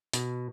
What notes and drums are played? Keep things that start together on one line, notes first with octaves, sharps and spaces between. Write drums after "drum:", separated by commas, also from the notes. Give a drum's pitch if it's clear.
B2, drum: hi-hat